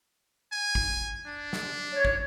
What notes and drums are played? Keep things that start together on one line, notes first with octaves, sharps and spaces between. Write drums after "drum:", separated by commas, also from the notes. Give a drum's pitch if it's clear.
G#5
drum: kick
D4
drum: snare
C#5
drum: kick